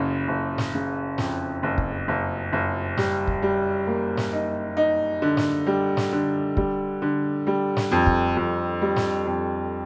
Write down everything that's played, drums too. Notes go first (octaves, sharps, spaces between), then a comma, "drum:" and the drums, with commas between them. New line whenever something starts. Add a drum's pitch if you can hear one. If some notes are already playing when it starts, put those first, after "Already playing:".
Already playing: F#1 C#3
F#1
drum: snare
C#3
F2, drum: snare
F#1
drum: kick
F#1
F#1
G3, drum: snare
drum: kick
G3
A#3
drum: snare
D#4
D#4
D3
drum: snare
G3
drum: snare
D3
G3, drum: kick
D3
G3
drum: snare
F2
drum: kick
F2
G3
drum: snare
F2